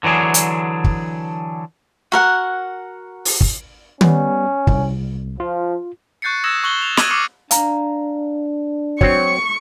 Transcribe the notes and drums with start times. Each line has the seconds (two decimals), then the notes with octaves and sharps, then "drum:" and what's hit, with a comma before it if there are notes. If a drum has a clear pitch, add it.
0.03 D3 E3 F#3 D4 G#4
0.34 drum: hi-hat
0.84 drum: kick
2.12 F#4 A#4 F#5
3.25 drum: open hi-hat
3.41 drum: kick
4.01 G3 B3 C#4, drum: tom
4.67 C2, drum: kick
5.40 F3 F4
6.22 C#6 F#6 G6 A6 C7 C#7
6.44 D#6 E6 G#6 A#6 E7
6.64 C#6 F#6 F#7 G7
6.82 F7
6.97 D#6 F#6 G#6 D7 D#7 F#7, drum: snare
7.10 C#6 D6 E6 F6 C7 C#7
7.51 D4 F5 A#5, drum: hi-hat
9.01 F#3 C4 C#5 C#6, drum: kick